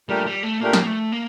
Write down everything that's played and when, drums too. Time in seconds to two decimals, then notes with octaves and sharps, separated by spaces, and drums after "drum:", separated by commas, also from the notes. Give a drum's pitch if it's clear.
0.09 A#2 G3 A3 D4 G4 A#4
0.26 G3
0.43 A3
0.60 A#2 A3 A#3 D4 G4 A#4
0.73 drum: snare
0.87 A3
1.12 A#3